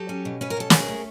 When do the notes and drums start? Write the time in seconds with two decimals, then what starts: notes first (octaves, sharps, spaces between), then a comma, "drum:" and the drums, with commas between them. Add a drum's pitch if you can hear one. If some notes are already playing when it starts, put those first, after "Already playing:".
Already playing: F#3 G4 A4
0.09 C#4
0.25 B2
0.41 C#4 B4
0.50 A#4
0.57 B2 A4
0.70 C#4 G#4 A#4, drum: snare
0.88 A3